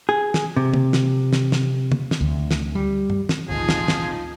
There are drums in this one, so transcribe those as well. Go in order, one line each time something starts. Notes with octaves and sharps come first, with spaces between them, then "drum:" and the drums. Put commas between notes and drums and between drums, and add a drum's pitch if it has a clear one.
G#4
drum: snare
C3
drum: tom C#3
drum: snare
drum: snare
drum: snare
drum: tom C#3
drum: snare
D2
drum: snare
G3
drum: tom G2
drum: snare
G#1 D2 A#2 F3 D#4 F4 G#4
drum: snare
drum: snare